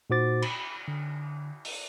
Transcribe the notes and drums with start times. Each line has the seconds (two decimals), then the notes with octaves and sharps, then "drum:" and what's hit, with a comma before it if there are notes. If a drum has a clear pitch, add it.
0.10 A#2 D#4 F#4 C5 D6 A6
0.42 B5, drum: cymbal
0.88 D3
1.65 drum: open hi-hat